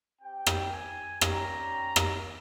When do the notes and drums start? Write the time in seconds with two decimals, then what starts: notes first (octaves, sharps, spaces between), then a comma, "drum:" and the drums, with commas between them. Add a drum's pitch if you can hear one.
0.22 C4 G4 G5
0.46 drum: rim click
0.72 G#5
1.21 G3 C#4 G4 A#5, drum: rim click
1.96 drum: rim click